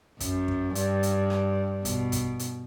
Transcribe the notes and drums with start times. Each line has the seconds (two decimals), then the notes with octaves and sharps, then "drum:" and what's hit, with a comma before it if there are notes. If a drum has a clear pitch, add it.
0.20 F#2, drum: kick, hi-hat
0.48 drum: kick
0.75 G2, drum: hi-hat
1.03 drum: hi-hat
1.30 drum: rim click
1.85 B2, drum: kick, hi-hat
2.12 drum: kick, hi-hat
2.39 drum: hi-hat